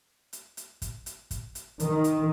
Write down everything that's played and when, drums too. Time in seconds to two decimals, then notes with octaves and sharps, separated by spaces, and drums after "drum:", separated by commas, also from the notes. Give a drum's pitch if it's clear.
0.33 drum: hi-hat
0.57 drum: hi-hat
0.82 drum: kick, hi-hat
1.06 drum: hi-hat
1.31 drum: kick, hi-hat
1.55 drum: hi-hat
1.80 D#3, drum: hi-hat
2.04 drum: hi-hat